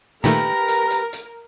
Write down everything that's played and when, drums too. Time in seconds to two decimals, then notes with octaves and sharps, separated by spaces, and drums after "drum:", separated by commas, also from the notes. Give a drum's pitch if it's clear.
0.24 A#2 D#3 A3 G4 A#4 B4 A#5, drum: hi-hat
0.68 drum: hi-hat
0.91 drum: hi-hat
1.13 drum: hi-hat